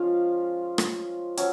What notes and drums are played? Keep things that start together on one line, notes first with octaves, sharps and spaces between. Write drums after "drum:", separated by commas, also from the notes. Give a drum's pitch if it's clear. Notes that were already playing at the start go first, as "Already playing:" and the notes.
Already playing: F3 G#3 C#4 F4 F5
drum: rim click
F#3 C#4, drum: hi-hat